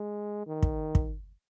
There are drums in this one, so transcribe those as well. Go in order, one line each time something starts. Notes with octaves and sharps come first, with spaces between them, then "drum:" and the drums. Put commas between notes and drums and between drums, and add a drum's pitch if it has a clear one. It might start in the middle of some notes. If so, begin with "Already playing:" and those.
Already playing: G#3
D#3
drum: kick
drum: kick